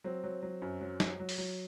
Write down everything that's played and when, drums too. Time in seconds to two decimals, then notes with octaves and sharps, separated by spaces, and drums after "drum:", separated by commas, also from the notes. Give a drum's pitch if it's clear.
0.04 F#3 C4
0.24 F#3
0.43 F#3
0.62 F#2
0.81 F#3
1.00 F#3, drum: snare
1.20 F#3
1.29 drum: open hi-hat
1.38 F#3